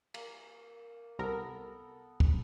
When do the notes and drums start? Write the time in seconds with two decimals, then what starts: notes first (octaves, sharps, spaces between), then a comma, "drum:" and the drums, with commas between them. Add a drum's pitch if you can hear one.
0.14 A#3, drum: cymbal
1.19 C2 B3 A4 A#4 E6
2.20 drum: kick